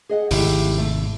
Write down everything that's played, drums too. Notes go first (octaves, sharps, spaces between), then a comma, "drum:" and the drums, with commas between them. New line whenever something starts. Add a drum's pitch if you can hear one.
G#4 D#5 F#5
G#1 C3 A3 E4 G4, drum: open hi-hat
A3